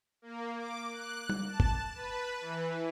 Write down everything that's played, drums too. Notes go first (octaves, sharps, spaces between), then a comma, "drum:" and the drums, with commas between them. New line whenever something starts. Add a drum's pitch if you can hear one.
A#3
D6
F#6
drum: tom G3
A5
drum: kick
B4
E3